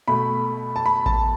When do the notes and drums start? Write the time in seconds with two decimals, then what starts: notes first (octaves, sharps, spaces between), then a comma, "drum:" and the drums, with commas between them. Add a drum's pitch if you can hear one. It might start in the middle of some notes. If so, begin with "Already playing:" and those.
0.08 B2 A3 B5
0.76 A5
0.86 B5
1.06 A5, drum: kick A1